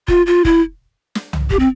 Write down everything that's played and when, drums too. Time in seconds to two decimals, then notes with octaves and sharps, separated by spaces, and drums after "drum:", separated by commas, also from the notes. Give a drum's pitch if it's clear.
0.08 F4, drum: kick F1
0.27 F4
0.45 E4, drum: kick F1
1.15 drum: snare
1.33 drum: tom C2
1.51 G4, drum: kick F1
1.59 C4